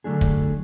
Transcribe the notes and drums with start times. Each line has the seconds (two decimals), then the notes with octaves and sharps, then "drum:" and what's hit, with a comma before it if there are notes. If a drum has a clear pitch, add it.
0.04 D3 F#3 A3 D4 G#4
0.21 drum: kick